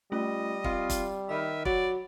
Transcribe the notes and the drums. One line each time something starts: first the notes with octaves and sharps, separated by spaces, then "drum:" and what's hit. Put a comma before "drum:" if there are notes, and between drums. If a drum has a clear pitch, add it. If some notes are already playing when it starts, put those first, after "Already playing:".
G3 A3 C#4 F4 D#5
C4 F4, drum: kick
drum: kick, hi-hat
D#3 E5 B5
F#3 D5 B5, drum: kick